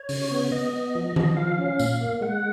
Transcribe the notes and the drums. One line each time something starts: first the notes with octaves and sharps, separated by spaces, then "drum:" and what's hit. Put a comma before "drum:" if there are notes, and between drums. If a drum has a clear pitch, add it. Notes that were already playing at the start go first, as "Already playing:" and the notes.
Already playing: C#5
C#3, drum: open hi-hat
B3
B3 D#5
B3
F3
F3, drum: tom D#3
F3 F5
C#4
A#2, drum: tambourine
A#3
G#3 F#5